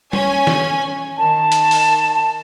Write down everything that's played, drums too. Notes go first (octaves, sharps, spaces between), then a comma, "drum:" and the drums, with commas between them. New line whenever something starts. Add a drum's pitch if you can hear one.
C#4 G#5, drum: tom G3
drum: snare
D#3 A5
drum: hi-hat
drum: open hi-hat